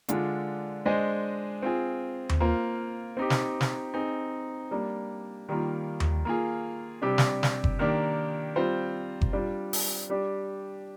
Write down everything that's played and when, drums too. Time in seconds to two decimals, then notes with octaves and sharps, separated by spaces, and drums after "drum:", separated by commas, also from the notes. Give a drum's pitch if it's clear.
0.09 D3 G#3 D4 F4, drum: hi-hat
0.85 G#3 D4 G#4 C5 D#5
1.62 C4 F4 G#4
2.29 drum: tom D#2
2.40 A#3 F4 C5
3.17 C4 D#4 G4
3.30 drum: snare
3.61 drum: snare
3.94 C4 D#4 G#4
4.71 G3 A#3 D4
5.49 D#3 G3 A#3 F4
6.00 drum: tom D#2
6.25 A#3 F4 G#4
7.02 C3 G3 D4 G4
7.18 drum: snare
7.43 drum: snare
7.64 drum: kick F#1
7.79 D#3 A#3 D4 G4
8.56 G3 C4 F4 C5
9.21 drum: kick F#1
9.33 G3 D4 F4
9.73 drum: open hi-hat
10.10 G3 D4 G4